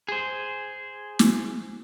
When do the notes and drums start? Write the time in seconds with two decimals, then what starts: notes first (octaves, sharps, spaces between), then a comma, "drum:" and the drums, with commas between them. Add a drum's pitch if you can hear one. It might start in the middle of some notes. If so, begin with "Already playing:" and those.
0.08 G#4 C5
1.19 drum: snare